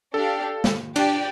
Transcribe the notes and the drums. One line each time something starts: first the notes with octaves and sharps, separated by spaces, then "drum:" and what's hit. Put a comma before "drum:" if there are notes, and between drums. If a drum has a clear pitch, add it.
D4 G4 A4 F5
drum: snare
D4 G4 D5 G5, drum: cymbal